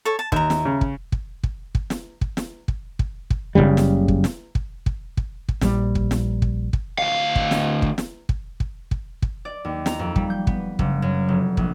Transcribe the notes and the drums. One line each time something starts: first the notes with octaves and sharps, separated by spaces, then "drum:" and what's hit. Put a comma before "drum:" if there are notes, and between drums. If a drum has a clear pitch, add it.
A4 C#5
A5
D#2 E5 A#5, drum: kick
drum: snare
C#3
drum: kick
drum: kick
drum: kick
drum: kick
drum: snare
drum: kick
drum: snare
drum: kick
drum: kick
drum: kick
F#1 D#2 C#3 G3
drum: snare
drum: kick
drum: snare
drum: kick
drum: kick
drum: kick
drum: kick
A#1 G3, drum: snare
drum: kick
drum: snare
drum: kick
drum: kick
D2 F5
drum: kick
drum: snare
drum: kick
drum: snare
drum: kick
drum: kick
drum: kick
drum: kick
D5
D#2
A#5, drum: snare
F2
G3, drum: kick
G6
B3, drum: kick
F#1, drum: kick
F#2
F1
A#1, drum: kick